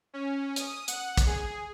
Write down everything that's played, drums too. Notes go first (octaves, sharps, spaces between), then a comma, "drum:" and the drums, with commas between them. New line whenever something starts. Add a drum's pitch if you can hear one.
C#4
D#6, drum: hi-hat
F#5, drum: hi-hat
drum: kick, hi-hat
G#4